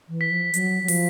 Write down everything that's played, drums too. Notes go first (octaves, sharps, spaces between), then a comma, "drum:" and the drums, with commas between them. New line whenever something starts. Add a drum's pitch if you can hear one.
E3
B6
F3
F#3, drum: hi-hat
F#3
F3, drum: open hi-hat